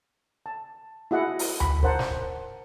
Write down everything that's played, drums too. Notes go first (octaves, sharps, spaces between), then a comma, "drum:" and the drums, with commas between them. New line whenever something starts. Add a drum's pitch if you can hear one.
A5
E4 F#4 G#4 D#5 E5 F#5
drum: open hi-hat
B5, drum: tom D2
A#4 C5 F#5 A5 A#5, drum: kick
drum: snare